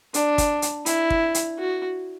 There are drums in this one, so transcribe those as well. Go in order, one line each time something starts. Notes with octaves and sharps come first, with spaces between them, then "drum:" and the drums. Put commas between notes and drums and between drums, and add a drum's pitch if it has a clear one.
D4, drum: hi-hat
drum: kick, hi-hat
drum: hi-hat
E4, drum: hi-hat
drum: kick
drum: hi-hat
F#4